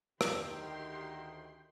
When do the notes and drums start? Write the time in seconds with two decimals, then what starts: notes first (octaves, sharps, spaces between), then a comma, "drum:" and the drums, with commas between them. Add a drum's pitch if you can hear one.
0.21 D2 D#3 G4 G5 C6, drum: rim click